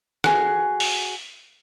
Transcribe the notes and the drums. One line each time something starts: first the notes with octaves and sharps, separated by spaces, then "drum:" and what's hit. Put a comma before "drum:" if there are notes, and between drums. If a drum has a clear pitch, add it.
F#4 G#4, drum: rim click
drum: open hi-hat